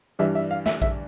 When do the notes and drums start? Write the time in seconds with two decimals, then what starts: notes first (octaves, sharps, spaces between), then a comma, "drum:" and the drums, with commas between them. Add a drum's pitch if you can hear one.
0.19 G2 E3 G3 D4 E5
0.35 E5
0.51 F5
0.66 E5, drum: snare
0.82 E5, drum: kick A#1